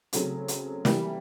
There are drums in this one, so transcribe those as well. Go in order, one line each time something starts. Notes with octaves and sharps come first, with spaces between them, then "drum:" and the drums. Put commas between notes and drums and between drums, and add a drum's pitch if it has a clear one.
C#3 F#3 A3 C4, drum: hi-hat
drum: hi-hat
E3 G3 A#3, drum: snare